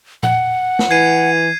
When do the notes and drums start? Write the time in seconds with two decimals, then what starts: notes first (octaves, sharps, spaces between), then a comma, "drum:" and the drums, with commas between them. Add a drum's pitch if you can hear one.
0.23 F#5, drum: tom A#2
0.79 drum: snare
0.91 E3 G#6 C7 D#7